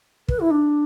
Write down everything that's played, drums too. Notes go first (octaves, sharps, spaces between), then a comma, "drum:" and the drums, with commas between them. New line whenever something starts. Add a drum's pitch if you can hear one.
B4, drum: kick
E4
D4